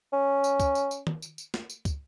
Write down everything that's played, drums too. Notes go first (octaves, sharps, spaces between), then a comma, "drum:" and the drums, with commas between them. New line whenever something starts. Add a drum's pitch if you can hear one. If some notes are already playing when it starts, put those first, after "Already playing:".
C#4
drum: tambourine
drum: kick, tambourine
drum: tambourine
drum: tambourine
drum: tom D#3
drum: tambourine
drum: tambourine
drum: snare
drum: tambourine
drum: kick, tambourine